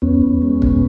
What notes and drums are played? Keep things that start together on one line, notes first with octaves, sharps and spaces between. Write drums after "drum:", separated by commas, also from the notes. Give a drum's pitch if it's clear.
E2 B3 C#4
E2
G#3
B2, drum: kick